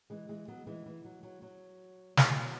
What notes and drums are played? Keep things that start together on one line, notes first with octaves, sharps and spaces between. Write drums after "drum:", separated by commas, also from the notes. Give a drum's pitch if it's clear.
E3 G#3
E3 G#3
F#3 B3
E3 G#3
E3
F#3
F#3
F#3
E3 G#3, drum: snare
F#3 B3